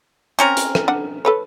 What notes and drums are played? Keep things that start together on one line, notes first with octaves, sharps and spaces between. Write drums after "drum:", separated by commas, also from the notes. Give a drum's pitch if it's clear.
C4 C#4 A#4
drum: hi-hat
drum: rim click
D4 F#5
A4 B4 C#5